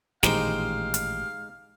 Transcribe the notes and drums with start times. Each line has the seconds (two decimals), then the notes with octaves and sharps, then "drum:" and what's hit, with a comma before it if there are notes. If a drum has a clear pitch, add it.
0.23 A1 A#2 D#3 G#3 D#4 G4 C5 F5, drum: snare
0.94 drum: hi-hat